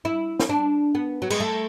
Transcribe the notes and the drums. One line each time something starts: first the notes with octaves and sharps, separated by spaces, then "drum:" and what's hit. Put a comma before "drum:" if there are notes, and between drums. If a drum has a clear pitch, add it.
E4
drum: snare
D4
B3
F#3
G#3, drum: cymbal
A3